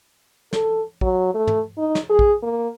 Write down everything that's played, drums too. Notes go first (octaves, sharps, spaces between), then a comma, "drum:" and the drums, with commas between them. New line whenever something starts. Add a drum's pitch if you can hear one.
A4, drum: snare
F#3, drum: kick
A3
drum: tom
D#4
drum: snare
G#4
drum: kick
A#3